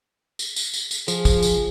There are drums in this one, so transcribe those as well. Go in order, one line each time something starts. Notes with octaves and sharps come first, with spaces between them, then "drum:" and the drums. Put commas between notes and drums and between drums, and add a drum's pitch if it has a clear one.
drum: tambourine
drum: tambourine
drum: tambourine
drum: tambourine
F3 G#4, drum: tambourine
drum: kick, tambourine
drum: tambourine